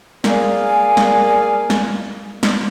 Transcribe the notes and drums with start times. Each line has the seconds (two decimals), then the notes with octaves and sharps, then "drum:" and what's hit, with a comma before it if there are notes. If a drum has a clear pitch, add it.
0.24 A#3 G#4 A#4 D5 F5 G#5, drum: snare
0.97 drum: snare
1.70 drum: snare
2.43 drum: snare